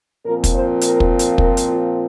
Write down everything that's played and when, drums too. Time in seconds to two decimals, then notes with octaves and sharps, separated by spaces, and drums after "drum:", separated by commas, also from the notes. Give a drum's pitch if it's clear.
0.25 A#2 F3 C4 A#4
0.44 drum: kick, hi-hat
0.53 C5
0.81 A#4, drum: hi-hat
1.00 drum: kick
1.19 drum: hi-hat
1.38 A#4, drum: kick
1.57 drum: hi-hat
1.67 F4